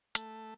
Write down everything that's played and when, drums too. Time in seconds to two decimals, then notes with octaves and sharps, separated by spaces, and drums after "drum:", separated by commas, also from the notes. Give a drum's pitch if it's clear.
0.15 A3, drum: hi-hat